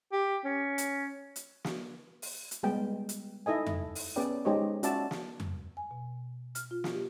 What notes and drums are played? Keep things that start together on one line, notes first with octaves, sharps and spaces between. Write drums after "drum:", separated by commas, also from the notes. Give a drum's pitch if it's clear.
G4
C#4
drum: hi-hat
drum: hi-hat
drum: snare
drum: open hi-hat
drum: hi-hat
G3 G#3 B3 G5
drum: hi-hat
D#4 E4 A4 D#5 G#5
drum: tom F2
drum: open hi-hat
B3 C#4 G#4 B4 D5 G5
G#3 D#4 G4 C5 C#5 D#5
C#4 F4 F#4 D5 E5 A5, drum: hi-hat
drum: snare
drum: tom F2
G#5
B2
F6, drum: hi-hat
F4
drum: snare
G4